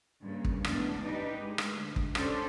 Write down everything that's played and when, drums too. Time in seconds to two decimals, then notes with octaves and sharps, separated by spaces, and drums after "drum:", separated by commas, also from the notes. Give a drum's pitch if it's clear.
0.23 G2 C#3 A#3
0.45 drum: kick
0.64 G#2 E3 G#3 A3 B3 D4, drum: rim click
1.03 D4 D#4 G4 B4
1.39 G#3
1.58 drum: rim click
1.73 D2
1.96 drum: kick
2.15 C#4 D4 G4 A4 C5 D5, drum: rim click